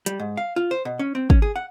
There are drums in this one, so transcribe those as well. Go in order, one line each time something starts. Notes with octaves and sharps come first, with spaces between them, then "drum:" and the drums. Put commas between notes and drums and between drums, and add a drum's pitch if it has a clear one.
G3, drum: hi-hat
G#2
F5
F4
C5
B2
C#4
C4
C#4, drum: kick
G#4
F#5